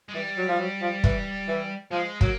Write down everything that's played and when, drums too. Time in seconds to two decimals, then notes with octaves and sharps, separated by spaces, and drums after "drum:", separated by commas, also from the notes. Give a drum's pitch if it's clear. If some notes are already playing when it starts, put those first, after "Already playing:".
0.09 G#3
0.14 E3 G3
0.37 F#3
0.49 F3
0.59 F#3
0.81 F3
1.04 E3, drum: kick
1.48 E3
1.91 F3 G#3
2.21 F#3 A#3, drum: kick